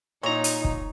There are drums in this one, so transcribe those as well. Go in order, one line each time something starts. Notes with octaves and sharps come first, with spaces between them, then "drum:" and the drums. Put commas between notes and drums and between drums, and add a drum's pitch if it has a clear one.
A#2 D#4 C#5 A#5
drum: hi-hat
drum: kick